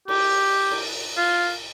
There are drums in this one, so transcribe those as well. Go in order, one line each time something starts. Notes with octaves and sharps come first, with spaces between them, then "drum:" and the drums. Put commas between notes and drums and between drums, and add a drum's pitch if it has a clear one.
G4, drum: cymbal
drum: cymbal
F4